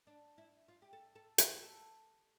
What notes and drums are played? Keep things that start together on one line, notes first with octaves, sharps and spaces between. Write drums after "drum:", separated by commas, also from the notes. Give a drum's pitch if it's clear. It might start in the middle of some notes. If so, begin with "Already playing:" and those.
D4
E4
F4
G4
A4
A4
G4, drum: hi-hat
A4